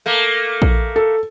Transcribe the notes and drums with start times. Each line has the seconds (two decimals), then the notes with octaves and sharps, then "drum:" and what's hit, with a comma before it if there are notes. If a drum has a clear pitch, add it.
0.06 A3 A#3
0.62 drum: kick A#1
0.96 A4